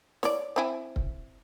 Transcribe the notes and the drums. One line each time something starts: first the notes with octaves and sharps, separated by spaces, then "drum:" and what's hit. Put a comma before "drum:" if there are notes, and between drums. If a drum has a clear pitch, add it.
C#5 D5, drum: snare
C4 E4 G#5
drum: kick C#1